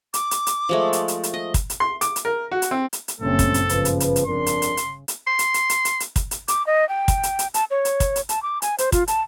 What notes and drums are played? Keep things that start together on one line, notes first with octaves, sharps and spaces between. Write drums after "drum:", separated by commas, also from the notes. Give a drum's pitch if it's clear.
D6, drum: hi-hat
drum: hi-hat
drum: hi-hat
F3 G#3 A3
drum: hi-hat
drum: hi-hat
drum: hi-hat
D#5
drum: kick, hi-hat
drum: hi-hat
C6
D6, drum: hi-hat
drum: hi-hat
A#4
F#4
drum: hi-hat
C4
drum: hi-hat
drum: hi-hat
F#1 G2 A#2 A3 C4 C#4 A4
drum: kick, hi-hat
drum: hi-hat
G1 C#3 F3 B4, drum: hi-hat
drum: hi-hat
drum: hi-hat
drum: hi-hat
F2 C#3 D4 A#4 C6
drum: hi-hat
drum: hi-hat
drum: hi-hat
drum: hi-hat
C6
drum: hi-hat
drum: hi-hat
drum: hi-hat
drum: hi-hat
drum: hi-hat
drum: kick, hi-hat
drum: hi-hat
D6, drum: hi-hat
D#5
G5
drum: kick, hi-hat
drum: hi-hat
drum: hi-hat
A5, drum: hi-hat
C#5
drum: hi-hat
drum: kick, hi-hat
drum: hi-hat
A5, drum: hi-hat
D6
G#5, drum: hi-hat
C5, drum: hi-hat
F4, drum: kick, hi-hat
A5, drum: hi-hat